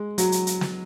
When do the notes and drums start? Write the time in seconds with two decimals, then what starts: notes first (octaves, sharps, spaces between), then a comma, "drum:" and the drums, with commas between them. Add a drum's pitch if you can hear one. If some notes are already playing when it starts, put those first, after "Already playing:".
Already playing: G#3
0.18 F#3, drum: hi-hat
0.32 drum: hi-hat
0.47 drum: hi-hat
0.61 drum: snare